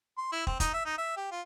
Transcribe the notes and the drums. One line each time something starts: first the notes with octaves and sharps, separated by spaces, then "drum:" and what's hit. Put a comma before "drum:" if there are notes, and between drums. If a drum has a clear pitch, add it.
C6
E4
C4, drum: kick
D#4, drum: kick, hi-hat
E5
D#4
E5
G4
F4